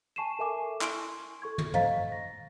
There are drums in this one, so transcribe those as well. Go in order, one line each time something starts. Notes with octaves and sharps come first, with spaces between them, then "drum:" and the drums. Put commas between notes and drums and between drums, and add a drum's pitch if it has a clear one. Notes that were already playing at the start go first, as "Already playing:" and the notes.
G#5 A5 C#6 C7 D#7 E7
A4 A#4 E5 G#5 D6
E4 C6 C#6 D7, drum: clap
A4 C#6 G#6
drum: tom
C5 D#5 F5 A#5 A6 B6, drum: tom G#2
A#6